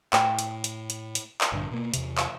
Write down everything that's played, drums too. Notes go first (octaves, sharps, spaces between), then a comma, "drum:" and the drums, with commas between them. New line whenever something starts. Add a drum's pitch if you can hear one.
A2 G5, drum: clap
drum: hi-hat
drum: hi-hat
drum: hi-hat
drum: hi-hat
drum: clap
A#1 G2 D3
B2 A#3
E2 C3, drum: hi-hat
drum: clap